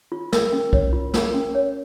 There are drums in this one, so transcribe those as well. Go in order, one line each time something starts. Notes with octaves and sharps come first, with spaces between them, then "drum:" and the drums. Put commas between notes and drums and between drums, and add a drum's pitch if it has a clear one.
F4
A#4, drum: snare
C#4
C#5, drum: kick C2
F4
A#4, drum: snare
C#4
C#5